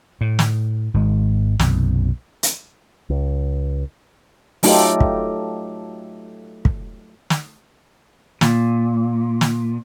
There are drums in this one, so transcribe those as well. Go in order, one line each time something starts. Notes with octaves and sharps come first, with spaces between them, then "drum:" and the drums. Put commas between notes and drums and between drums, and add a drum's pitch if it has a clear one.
A2
drum: snare
G#1 D#3 G#3
B1 F#2 C3, drum: snare
drum: hi-hat
C#2
F#3 A3 D#4 F4 G4 A4, drum: open hi-hat
drum: kick
drum: kick
drum: snare
A#2, drum: snare
drum: snare